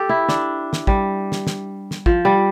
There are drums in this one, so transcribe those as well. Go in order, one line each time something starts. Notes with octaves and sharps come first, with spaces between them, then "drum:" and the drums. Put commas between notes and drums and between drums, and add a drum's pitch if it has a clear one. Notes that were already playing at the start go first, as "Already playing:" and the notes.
Already playing: G4 A4
E4
D4, drum: snare
drum: snare
G3, drum: kick
drum: snare
drum: snare
drum: snare
F3, drum: kick
G3